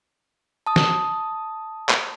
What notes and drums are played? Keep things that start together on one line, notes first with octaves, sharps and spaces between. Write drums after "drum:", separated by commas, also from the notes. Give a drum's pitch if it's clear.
A5 D#6
drum: snare
drum: clap